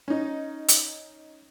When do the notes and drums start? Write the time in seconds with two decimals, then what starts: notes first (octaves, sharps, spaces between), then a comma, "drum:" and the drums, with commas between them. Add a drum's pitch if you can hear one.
0.08 C#4 D#4
0.68 drum: hi-hat